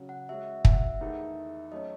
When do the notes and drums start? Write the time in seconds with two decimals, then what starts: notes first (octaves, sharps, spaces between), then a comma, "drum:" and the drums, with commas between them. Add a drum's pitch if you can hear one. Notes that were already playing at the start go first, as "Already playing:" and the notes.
Already playing: C#3 F#3 C#4 F#4
0.09 F#5
0.29 G#3 C#4 F#4 E5
0.65 E5, drum: kick
0.73 F#5
0.82 E5
1.01 E2 D#3 A3 D#4 G#4
1.71 F#3 A3 C#4 D#5